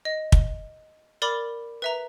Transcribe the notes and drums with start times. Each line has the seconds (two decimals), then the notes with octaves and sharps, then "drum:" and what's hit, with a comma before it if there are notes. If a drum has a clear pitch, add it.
0.05 D#5
0.32 drum: kick
1.22 A#4 D5 B5 D6
1.82 B4 E5 A#5